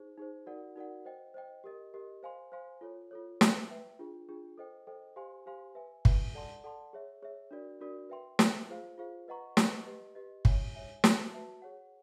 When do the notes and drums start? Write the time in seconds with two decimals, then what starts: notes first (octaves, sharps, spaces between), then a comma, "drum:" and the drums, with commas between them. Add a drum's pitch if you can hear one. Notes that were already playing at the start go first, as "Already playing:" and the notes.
Already playing: D#4 G#4 C5
0.18 D#4 G#4 C5
0.46 D#4 F#4 A#4 D5 F#5
0.76 D#4 F#4 A#4 D5 F#5
1.05 C5 D#5 G5
1.34 C5 D#5 G5
1.64 G4 A#4 D#5
1.94 G4 A#4 D#5
2.23 C5 F5 G#5 C6
2.52 C5 F5 G#5 C6
2.81 F4 A4 C#5
3.11 F4 A4 C#5
3.41 B4 E5 G5, drum: snare
3.70 B4 E5 G5
3.99 D4 F4 G#4
4.29 D4 F4 G#4
4.58 A4 C5 D#5 G5
4.87 A4 C5 D#5 G5
5.16 G4 C5 F5 G#5 C6
5.46 G4 C5 F5 G#5 C6
5.75 B4 E5 G#5
6.05 B4 E5 G#5, drum: kick
6.34 A4 D5 F#5 A5 C6
6.64 A4 D5 F#5 A5 C6
6.93 G#4 C#5 E5
7.22 G#4 C#5 E5
7.51 D4 F#4 A#4 D5
7.80 D4 F#4 A#4 D5
8.10 B4 E5 G5 C6
8.39 B4 E5 G5 C6, drum: snare
8.69 F4 G#4 C5 F5
8.97 F4 G#4 C5 F5
9.28 B4 D#5 F#5 A#5 C#6
9.57 B4 D#5 F#5 A#5 C#6, drum: snare
9.86 G4 B4 D#5
10.15 G4 B4 D#5
10.45 C#5 E5 G#5, drum: kick
10.75 C#5 E5 G#5
11.04 F#4 B4 E5 A5, drum: snare
11.33 F#4 B4 E5 A5
11.62 G#4 C#5 F#5